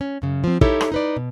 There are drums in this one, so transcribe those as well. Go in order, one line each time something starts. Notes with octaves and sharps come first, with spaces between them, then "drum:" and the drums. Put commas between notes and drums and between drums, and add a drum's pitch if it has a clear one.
C#4
F#2 C#3
F3 C4
D#4 E4 G4 A4 C#5, drum: kick
drum: rim click
D#4 B4 D5
B2